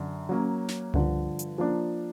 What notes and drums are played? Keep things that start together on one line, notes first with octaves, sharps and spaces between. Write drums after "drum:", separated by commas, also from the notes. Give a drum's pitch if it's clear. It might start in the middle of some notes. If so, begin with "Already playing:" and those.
Already playing: F#2 D3
F#3 A#3 C#4
drum: snare
G2 D3 F3, drum: tom C#2
drum: hi-hat
F3 A#3 D4